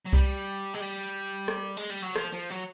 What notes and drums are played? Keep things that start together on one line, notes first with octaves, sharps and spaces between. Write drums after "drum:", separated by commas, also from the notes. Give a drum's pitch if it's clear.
F#3
G3, drum: kick C2
G#3
G3
drum: rim click
G#3
G3
F#3
F3, drum: rim click
F3
F#3